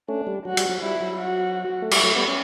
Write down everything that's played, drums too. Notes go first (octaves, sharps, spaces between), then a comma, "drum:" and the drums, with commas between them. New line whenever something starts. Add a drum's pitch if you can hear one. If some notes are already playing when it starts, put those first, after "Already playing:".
A3 C#4 D4
G3
F#3 F#4
G3, drum: cymbal
F#3
G3 E4
F#3
F#4
A3
G3 E4, drum: cymbal
F#3 A3
G3 B3
C#4